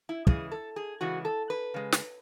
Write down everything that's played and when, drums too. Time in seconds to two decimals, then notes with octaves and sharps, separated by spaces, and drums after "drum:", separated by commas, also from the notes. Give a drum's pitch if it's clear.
0.09 E4
0.27 C#3 E3 G#3 G#4, drum: kick
0.52 A4
0.76 G#4
1.01 C#3 E3 G#3 F#4
1.25 A4
1.50 B4
1.74 C#3 G#3
1.92 drum: snare